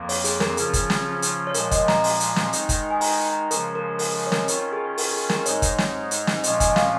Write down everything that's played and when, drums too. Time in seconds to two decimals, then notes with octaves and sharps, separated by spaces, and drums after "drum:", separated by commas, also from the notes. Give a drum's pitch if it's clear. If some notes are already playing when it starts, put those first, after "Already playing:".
Already playing: F2 F3 A#3
0.09 C#5, drum: open hi-hat
0.24 G#4, drum: hi-hat
0.40 A#4, drum: snare
0.57 C#3 F3 C#4 F4 G#4, drum: hi-hat
0.73 drum: kick, hi-hat
0.90 drum: snare
1.22 drum: hi-hat
1.47 C#5
1.54 A#2 F3 G#3 A#4, drum: hi-hat
1.71 D#5, drum: kick, hi-hat
1.88 A#5, drum: snare
2.04 drum: open hi-hat
2.20 drum: hi-hat
2.36 drum: snare
2.53 D#3 G#3 D#4, drum: hi-hat
2.69 drum: kick, hi-hat
2.90 G#5
3.01 A#5, drum: open hi-hat
3.26 A#5
3.51 C#3 F3 G#3 C#4 A#4, drum: hi-hat
3.75 A#4
3.99 A#4, drum: open hi-hat
4.16 A#4
4.26 C#5
4.32 A#4, drum: snare
4.48 D#3 C#4 F4 A#4, drum: hi-hat
4.73 G#4
4.98 A#4, drum: open hi-hat
5.13 G#4
5.29 A#4, drum: snare
5.46 G#2 G#3 D#4 C#5, drum: hi-hat
5.62 drum: kick, hi-hat
5.78 drum: snare
6.11 drum: hi-hat
6.27 drum: snare
6.44 A#2 F3 G#3 C#4 D#5, drum: hi-hat
6.60 G#5, drum: kick, hi-hat
6.76 F5, drum: snare